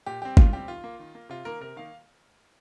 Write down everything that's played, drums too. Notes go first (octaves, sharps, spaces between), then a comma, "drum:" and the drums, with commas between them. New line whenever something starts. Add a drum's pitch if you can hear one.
A#2 G4
G3 C4 G4
A#2 F4, drum: kick G1
G3 C4 G4
D#3 F4
A#3
D#3
A#3
C3 F4
D#3 A#3 A#4
C3 A#4
D#3 A#3 F5